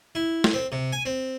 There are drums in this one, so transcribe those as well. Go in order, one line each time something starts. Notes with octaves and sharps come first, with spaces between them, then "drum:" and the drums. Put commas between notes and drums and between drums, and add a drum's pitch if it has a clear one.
E4
drum: snare
C4
C3
G#5
C4